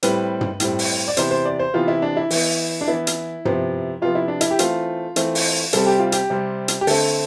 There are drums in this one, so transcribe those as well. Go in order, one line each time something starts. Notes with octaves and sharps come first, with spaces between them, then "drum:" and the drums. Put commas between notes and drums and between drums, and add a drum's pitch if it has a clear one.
A2 G3 C4 B4, drum: hi-hat
drum: tom
A2 G3 C4, drum: hi-hat
drum: open hi-hat
D5
C3 E3 B3 C5, drum: hi-hat
C5
D5
C5
C3 E3 B3 F4
E4
D4
E4
E3 B3, drum: open hi-hat
D4
E3 B3 E4
drum: hi-hat
C3 F3 B3, drum: tom
C3 F3 B3 F4
E4
D4
E4, drum: hi-hat
G4
E3 A3 C4 F4, drum: hi-hat
E3 A3 C4, drum: hi-hat
drum: open hi-hat
C3 G3 C4 A4, drum: hi-hat
G4
F4
G4, drum: hi-hat
C3 G3 C4
drum: hi-hat
G4
D3 A3 C4 A4, drum: open hi-hat